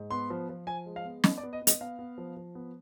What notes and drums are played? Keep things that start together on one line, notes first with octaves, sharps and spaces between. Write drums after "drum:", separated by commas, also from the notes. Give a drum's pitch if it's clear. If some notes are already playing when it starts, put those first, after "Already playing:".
Already playing: G#2
B3 C6
F3
F3
F3 G#5
G#3
F5
B3
B3 D#5, drum: snare
D5
B3
D#5
B3
D#5, drum: hi-hat
B3 F5
B3
F3
F3
B3